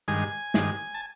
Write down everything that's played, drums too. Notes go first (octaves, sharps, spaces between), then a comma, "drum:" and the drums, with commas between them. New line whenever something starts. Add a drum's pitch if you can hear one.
G2 D#3 G#3 G#5
G2 D#3 G#3, drum: snare
A5